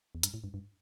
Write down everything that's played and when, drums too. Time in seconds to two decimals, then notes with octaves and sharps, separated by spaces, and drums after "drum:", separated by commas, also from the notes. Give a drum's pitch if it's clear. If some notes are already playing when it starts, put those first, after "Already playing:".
0.15 E2
0.23 G2, drum: hi-hat
0.34 A2
0.44 G2
0.54 G2